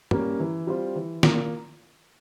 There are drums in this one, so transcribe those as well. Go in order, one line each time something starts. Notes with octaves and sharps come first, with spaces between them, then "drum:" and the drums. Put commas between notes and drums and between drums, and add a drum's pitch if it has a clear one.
G3 A#3 C#4, drum: tom
E3
G3 C4 F4
E3
A#3 F4, drum: snare